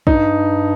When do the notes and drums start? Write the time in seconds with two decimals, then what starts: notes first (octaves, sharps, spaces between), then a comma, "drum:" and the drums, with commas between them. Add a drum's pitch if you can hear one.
0.07 G2 D#4, drum: kick